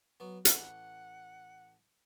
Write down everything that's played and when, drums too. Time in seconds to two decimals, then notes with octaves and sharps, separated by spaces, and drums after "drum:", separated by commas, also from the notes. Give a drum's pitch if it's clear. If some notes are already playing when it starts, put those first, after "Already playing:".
0.20 F#3 B3
0.45 A1 F#5, drum: hi-hat